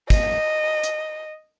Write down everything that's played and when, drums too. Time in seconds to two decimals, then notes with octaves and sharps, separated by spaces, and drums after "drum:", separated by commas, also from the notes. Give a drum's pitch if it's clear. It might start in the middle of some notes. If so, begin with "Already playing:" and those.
0.10 D#5, drum: kick, hi-hat
0.83 drum: hi-hat